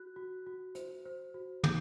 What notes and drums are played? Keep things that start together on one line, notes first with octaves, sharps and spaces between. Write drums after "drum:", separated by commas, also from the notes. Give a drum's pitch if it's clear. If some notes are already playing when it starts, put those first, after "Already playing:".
Already playing: F#4 F#6
F#4
F#4
C5, drum: hi-hat
C5
F#4
D#4 G6, drum: tom